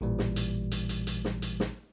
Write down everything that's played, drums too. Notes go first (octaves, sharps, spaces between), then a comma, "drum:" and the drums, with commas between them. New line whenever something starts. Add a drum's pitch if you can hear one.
A1 A#2 E3 G3
drum: snare
drum: hi-hat
drum: hi-hat
drum: hi-hat
drum: hi-hat
drum: snare
drum: hi-hat
drum: snare